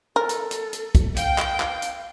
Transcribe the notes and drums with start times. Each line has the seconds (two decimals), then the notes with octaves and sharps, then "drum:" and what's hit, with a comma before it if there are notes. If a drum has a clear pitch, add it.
0.16 A4 A#4
0.29 drum: hi-hat
0.51 drum: hi-hat
0.73 drum: hi-hat
0.95 drum: kick B1, hi-hat
1.17 F5 G5, drum: hi-hat
1.38 drum: clap
1.60 drum: clap
1.82 drum: hi-hat